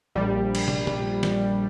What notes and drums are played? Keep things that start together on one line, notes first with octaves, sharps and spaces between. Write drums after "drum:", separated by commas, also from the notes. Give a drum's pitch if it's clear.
A#1 G3
drum: cymbal
drum: tom
drum: tom A#2
drum: snare